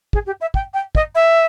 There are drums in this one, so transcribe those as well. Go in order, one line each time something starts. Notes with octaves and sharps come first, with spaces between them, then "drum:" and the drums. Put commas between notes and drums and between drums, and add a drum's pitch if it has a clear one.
G#4, drum: kick
G4
E5
G5, drum: kick
G5
D#5, drum: kick
E5